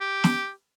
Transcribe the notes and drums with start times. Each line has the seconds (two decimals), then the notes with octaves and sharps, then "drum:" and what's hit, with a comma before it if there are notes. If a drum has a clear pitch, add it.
0.01 G4
0.24 drum: snare